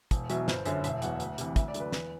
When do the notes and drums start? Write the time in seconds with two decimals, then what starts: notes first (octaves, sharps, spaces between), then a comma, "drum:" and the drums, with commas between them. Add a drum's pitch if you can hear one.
0.11 E1, drum: kick, hi-hat
0.30 E2 B2 F#3 E5, drum: hi-hat
0.48 G1 C5, drum: snare
0.66 F#2 D3 E5, drum: hi-hat
0.84 E1 E5, drum: hi-hat
1.02 E2 B2 F#3 F#5, drum: hi-hat
1.20 D2, drum: hi-hat
1.38 C3 E3, drum: hi-hat
1.56 D2 E5, drum: kick, hi-hat
1.68 D5
1.74 D3 F#3, drum: hi-hat
1.80 B4
1.92 E2 B4, drum: snare